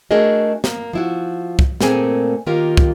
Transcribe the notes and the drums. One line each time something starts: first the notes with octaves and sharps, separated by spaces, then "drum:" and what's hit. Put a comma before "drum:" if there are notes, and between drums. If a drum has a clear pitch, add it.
A3 D4 F#4 G#4 A#4 D#5
A#3, drum: snare
F3 E4 F#4
drum: kick
A#2 A3 A#3 C4 G#4 G#5, drum: snare
D#3 A#3 F4 G4 A#4
drum: kick